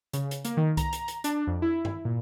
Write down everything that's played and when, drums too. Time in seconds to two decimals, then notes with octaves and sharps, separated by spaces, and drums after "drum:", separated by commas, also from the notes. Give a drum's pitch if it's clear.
0.13 C#3, drum: hi-hat
0.31 drum: hi-hat
0.45 A#3, drum: hi-hat
0.57 D#3
0.77 A#5, drum: kick C2, hi-hat
0.93 drum: hi-hat
1.08 drum: hi-hat
1.24 D4, drum: hi-hat
1.47 F2
1.62 E4
1.85 drum: tom G2
2.05 A#2